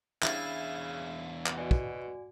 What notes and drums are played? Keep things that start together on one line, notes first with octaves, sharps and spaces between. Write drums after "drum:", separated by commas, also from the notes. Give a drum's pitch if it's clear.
E2 C#3 D4 E4 F5 A6, drum: clap
drum: clap
B2 F#4 D5 G#5
drum: kick